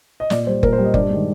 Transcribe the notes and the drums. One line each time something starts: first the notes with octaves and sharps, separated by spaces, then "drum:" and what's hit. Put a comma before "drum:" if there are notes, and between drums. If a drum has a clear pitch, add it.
D#5
A#2 D5, drum: snare
G3 C5
A#2 A#4, drum: kick F#1
C5
G3
D#5
G2 D5, drum: kick F#1
D#3 G#3